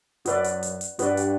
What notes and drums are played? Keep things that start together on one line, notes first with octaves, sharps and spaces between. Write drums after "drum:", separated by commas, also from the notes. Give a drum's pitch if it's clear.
F#2 F#4 B4 D5, drum: hi-hat
drum: hi-hat
drum: hi-hat
drum: hi-hat
G2 F#4 B4 D5, drum: hi-hat
drum: hi-hat